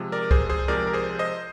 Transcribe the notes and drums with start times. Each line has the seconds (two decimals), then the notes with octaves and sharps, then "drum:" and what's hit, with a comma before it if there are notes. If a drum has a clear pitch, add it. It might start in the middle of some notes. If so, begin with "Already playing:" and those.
Already playing: C3 F3 G#3
0.12 A#4 D5
0.31 G#4 C5, drum: kick C2
0.50 G#4 C5
0.68 C3 F3 G#3 A#4 D5
0.87 A#4
0.93 G#4 C5
1.19 C5 D#5